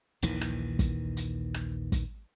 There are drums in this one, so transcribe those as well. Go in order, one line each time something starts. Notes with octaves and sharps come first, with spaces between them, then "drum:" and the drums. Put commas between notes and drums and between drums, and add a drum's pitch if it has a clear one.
A#1 D#2 D#3 E3
drum: rim click
drum: kick, hi-hat
drum: hi-hat
drum: rim click
drum: kick, hi-hat